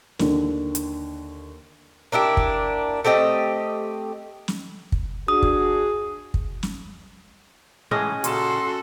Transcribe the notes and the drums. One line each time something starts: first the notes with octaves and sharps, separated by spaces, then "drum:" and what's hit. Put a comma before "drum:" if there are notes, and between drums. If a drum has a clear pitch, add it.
D#2 D3, drum: snare
drum: hi-hat
A#3 D4 E4 G4
drum: kick
A3 C4 G4 D#5
drum: snare
drum: kick
D4 F#4 G#4 D#6
drum: kick
drum: kick
drum: snare
A2 E3 G#3 C#4 G#4 D#5
A#2 C#3 F#4 A4 A5 C6, drum: hi-hat